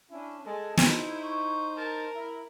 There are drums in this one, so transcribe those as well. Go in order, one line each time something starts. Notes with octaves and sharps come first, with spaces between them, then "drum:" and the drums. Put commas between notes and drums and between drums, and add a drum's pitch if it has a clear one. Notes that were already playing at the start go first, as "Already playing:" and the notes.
C#4 D4 E4
G#3 A4 G#5 A5
D#4 E4 C5, drum: snare
C#6
A#4 A5
E4 E5